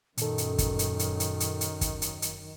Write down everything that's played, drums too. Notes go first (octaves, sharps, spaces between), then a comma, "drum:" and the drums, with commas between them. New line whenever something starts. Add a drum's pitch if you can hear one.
F#2 A#2 D#3 A4, drum: hi-hat
drum: hi-hat
drum: kick, hi-hat
drum: hi-hat
drum: hi-hat
drum: hi-hat
drum: hi-hat
drum: hi-hat
drum: kick, hi-hat
drum: hi-hat
drum: hi-hat